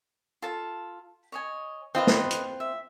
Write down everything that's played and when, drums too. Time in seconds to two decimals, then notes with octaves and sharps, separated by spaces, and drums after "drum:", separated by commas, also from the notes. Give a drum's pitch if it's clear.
0.42 F4 A4 A5
1.32 C#5 D#5 G#5
1.95 C4 F4 B4 D#5
2.07 drum: snare
2.31 drum: hi-hat
2.60 E5